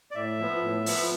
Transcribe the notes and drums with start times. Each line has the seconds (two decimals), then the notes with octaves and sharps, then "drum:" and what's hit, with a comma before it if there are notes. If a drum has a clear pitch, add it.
0.11 D5
0.15 A2 E5
0.39 F3 B3
0.62 A2
0.86 F3 B3, drum: open hi-hat